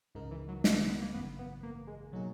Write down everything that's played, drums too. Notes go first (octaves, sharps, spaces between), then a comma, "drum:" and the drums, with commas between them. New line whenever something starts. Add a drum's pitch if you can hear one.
C#2 G#2 C#3 G#3 D#4 A#4
E3
F#3
drum: snare
D#3
B3
A#3
G#1 F#2 C#3 E3 B3
B3
A#3
G#3
B2 F#3 A#3 D#4 G#4